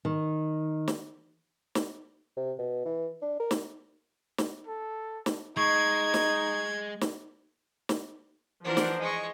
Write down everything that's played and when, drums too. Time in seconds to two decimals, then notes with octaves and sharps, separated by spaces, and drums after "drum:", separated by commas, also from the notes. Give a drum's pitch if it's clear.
0.05 D#3
0.88 drum: snare
1.75 drum: snare
2.36 C3
2.59 B2
2.85 E3
3.22 D4
3.40 A#4
3.51 drum: snare
4.38 drum: snare
4.67 A4
5.26 drum: snare
5.57 G#3 D#4 C#6 G#6
6.14 drum: snare
7.01 drum: snare
7.89 drum: snare
8.64 E3 F3 D4 A#4 C5 F#5
8.77 drum: snare
8.99 G#3 D#5 C#6